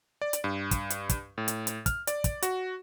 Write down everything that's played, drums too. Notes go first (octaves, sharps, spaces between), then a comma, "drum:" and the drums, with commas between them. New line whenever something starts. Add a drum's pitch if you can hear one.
D5
drum: hi-hat
G2
drum: kick, hi-hat
drum: hi-hat
drum: kick, hi-hat
A2
drum: hi-hat
drum: hi-hat
F6, drum: kick, hi-hat
D5, drum: hi-hat
drum: kick, hi-hat
F#4, drum: hi-hat